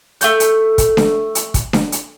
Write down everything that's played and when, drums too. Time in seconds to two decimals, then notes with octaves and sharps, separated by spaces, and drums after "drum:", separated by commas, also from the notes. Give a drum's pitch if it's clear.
0.21 A3 C#4 G6, drum: hi-hat
0.40 drum: hi-hat
0.78 drum: kick, hi-hat
0.97 drum: snare D4
1.35 drum: hi-hat
1.54 drum: kick, hi-hat
1.73 drum: snare D4
1.92 drum: hi-hat